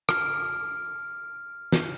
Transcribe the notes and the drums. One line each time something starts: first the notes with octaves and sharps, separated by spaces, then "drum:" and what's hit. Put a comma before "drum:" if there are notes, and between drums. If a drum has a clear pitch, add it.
F6, drum: rim click
drum: snare